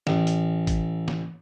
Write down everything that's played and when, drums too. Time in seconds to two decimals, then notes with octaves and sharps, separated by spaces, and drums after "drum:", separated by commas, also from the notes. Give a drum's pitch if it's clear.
0.07 A1, drum: snare
0.27 drum: hi-hat
0.67 drum: kick, hi-hat
1.08 drum: snare